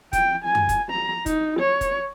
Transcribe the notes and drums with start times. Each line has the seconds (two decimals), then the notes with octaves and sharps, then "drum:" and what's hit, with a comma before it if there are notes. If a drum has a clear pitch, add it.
0.13 G5, drum: kick F1, hi-hat
0.45 G#5
0.55 drum: tom F#2
0.69 drum: kick F1, hi-hat
0.91 A#5
1.26 D#4, drum: kick F1, hi-hat
1.60 C#5
1.81 drum: kick F1, hi-hat